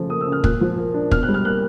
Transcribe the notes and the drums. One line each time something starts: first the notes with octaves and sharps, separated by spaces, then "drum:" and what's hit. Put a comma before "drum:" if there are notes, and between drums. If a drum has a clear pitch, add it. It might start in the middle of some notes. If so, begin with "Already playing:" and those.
Already playing: C#3 F3 A3
A#3 D#6
E6
C#3
F6
A#2 F#6, drum: kick
F3
A#3
D4
B2 F6, drum: kick
F#6
G3
F6
A#3 F#6